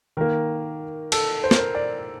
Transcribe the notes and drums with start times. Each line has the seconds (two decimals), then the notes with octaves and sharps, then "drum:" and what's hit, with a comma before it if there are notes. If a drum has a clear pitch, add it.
0.17 D#3 A#3 A#4
1.12 A4, drum: cymbal
1.44 C5
1.51 A#4, drum: snare
1.58 C5
1.75 D5